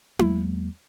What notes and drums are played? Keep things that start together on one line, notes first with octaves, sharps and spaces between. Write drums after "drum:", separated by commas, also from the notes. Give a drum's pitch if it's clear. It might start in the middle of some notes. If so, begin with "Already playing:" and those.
E2 F#3 G#3 A#3, drum: tom E4